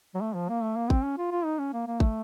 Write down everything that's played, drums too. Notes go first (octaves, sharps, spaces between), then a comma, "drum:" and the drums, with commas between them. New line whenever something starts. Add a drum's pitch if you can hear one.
F#3
A3
F3
A#3
A3
A#3
C4, drum: kick G#1
C#4
F4
F4
D#4
C#4
A#3
A#3
A3, drum: kick G#1